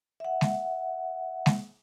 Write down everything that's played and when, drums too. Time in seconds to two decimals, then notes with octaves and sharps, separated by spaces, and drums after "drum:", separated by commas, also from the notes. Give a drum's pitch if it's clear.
0.20 E5 F#5
0.41 drum: snare
1.46 drum: snare